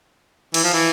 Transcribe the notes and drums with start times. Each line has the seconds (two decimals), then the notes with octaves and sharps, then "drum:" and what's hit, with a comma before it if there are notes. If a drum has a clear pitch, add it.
0.54 E3, drum: cymbal
0.64 F3
0.73 E3